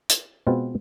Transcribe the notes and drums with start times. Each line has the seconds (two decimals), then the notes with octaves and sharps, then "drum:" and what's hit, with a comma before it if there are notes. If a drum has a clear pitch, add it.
0.10 drum: hi-hat
0.47 B2 G#3 C4 F4 B4